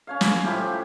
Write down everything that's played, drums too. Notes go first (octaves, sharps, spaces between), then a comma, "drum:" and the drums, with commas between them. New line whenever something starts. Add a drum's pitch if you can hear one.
C#4 C#5 F5
drum: snare
A2 F3 E4 G4